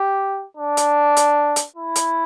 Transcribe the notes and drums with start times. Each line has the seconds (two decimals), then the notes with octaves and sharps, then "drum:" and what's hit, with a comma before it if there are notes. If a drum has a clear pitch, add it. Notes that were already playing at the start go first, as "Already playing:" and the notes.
Already playing: G4
0.57 D4
0.77 drum: hi-hat
1.17 drum: hi-hat
1.56 drum: hi-hat
1.76 E4
1.96 drum: hi-hat